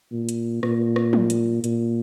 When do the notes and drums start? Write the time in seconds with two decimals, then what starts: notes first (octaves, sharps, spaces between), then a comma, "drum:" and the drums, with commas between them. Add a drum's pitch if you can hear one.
0.12 A#2
0.29 drum: hi-hat
0.63 A#2, drum: rim click
0.96 drum: rim click
1.13 drum: tom F3
1.30 drum: hi-hat
1.64 A#2, drum: hi-hat